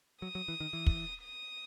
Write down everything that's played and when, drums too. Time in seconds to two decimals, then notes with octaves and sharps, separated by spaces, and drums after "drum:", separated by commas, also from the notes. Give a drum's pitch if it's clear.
0.22 F#3 D#6
0.35 F#3
0.48 E3
0.60 D#3
0.73 E3
0.86 drum: kick
1.24 D#6